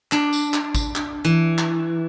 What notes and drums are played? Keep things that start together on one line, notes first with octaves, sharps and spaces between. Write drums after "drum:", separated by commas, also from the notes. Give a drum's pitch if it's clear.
D4, drum: clap
drum: tambourine
drum: clap
drum: kick G#1, tambourine
drum: clap
E3
drum: clap